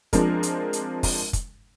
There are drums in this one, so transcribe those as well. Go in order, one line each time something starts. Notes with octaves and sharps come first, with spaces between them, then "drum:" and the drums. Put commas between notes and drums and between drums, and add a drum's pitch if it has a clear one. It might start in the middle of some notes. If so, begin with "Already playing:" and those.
F3 G#3 C4 D4 A#4, drum: kick, hi-hat
drum: hi-hat
drum: hi-hat
drum: kick, open hi-hat
drum: kick, hi-hat